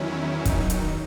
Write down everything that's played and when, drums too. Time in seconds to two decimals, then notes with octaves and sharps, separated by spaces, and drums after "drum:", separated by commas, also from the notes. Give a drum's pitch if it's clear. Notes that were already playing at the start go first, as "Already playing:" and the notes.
Already playing: E2 D#3 F#3 C#4 E4
0.45 D#4, drum: kick, hi-hat
0.70 drum: hi-hat